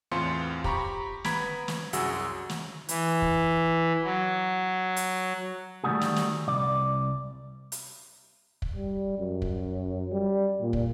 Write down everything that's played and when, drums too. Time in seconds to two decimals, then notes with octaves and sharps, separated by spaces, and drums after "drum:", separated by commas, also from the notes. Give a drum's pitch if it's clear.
0.12 E2 A2 C4 F4 C6 C#7
0.64 G4 A#5 B5 C#6, drum: kick
1.24 B3 A#5 B5 G#6 B6 D7, drum: snare
1.68 drum: snare
1.93 C2 F#2 F#4 G#4 E6, drum: hi-hat
2.50 drum: snare
2.89 E3, drum: hi-hat
3.22 drum: kick
4.04 F#3
4.96 drum: hi-hat
5.84 D#3 E3 G3 A3 F#4 G#4
6.01 drum: snare
6.16 drum: snare
6.48 C2 D5
7.72 drum: hi-hat
8.62 drum: kick
8.76 G3
9.19 F#2
9.42 drum: kick
10.12 G3
10.61 A#2
10.73 drum: kick